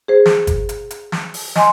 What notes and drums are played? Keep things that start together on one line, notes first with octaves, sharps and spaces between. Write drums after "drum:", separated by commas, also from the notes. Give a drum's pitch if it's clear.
G#4 C5
drum: snare
drum: kick, hi-hat
drum: hi-hat
drum: hi-hat
drum: snare
drum: open hi-hat
D#5 G#5 C6, drum: snare